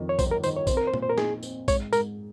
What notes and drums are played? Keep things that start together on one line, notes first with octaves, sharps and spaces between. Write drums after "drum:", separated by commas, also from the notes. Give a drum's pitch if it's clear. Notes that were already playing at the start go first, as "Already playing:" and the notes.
Already playing: F2 D#3
C#5
G1 C5, drum: kick A#1, tambourine
A#4
D#3 C5, drum: tambourine
C#5
C4 C5, drum: kick A#1, tambourine
A#4
C5
A#2, drum: tom
C5
A#4
D#4 G#4, drum: snare
C4, drum: tambourine
G#2 C#5, drum: kick A#1, tambourine
G#2 A#4, drum: tambourine